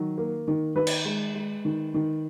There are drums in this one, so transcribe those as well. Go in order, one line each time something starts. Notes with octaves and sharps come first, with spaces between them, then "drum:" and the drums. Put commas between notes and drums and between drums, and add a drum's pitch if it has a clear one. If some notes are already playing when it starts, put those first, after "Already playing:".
Already playing: D#3 F#3
A#3
D#3
D#3 B4
drum: cymbal
G#3
G#3
D#3
D#3